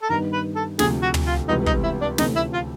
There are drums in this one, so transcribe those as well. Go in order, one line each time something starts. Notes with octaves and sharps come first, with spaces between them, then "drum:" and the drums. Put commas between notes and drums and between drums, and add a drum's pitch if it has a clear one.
A4
G2 D#3 G3 B3 D#4 A#4
B4
A4
D2 C3 F3 A3 G#4, drum: snare
F#4
drum: tom
F4
C#2 C3 E3 G3 B3 D#4
D#4, drum: kick
E4
D4
D2 C3 E3 A3 C#4 D#4, drum: snare
E4
F4